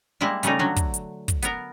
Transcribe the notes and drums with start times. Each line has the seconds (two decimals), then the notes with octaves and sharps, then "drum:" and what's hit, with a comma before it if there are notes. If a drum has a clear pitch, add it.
0.21 G3 G#3 A#3 E4
0.43 C#3 G3 A3 C#4 D#4, drum: hi-hat
0.59 D3 F#3
0.76 drum: kick, hi-hat
0.94 drum: hi-hat
1.28 drum: kick, hi-hat
1.42 B3 A#4, drum: hi-hat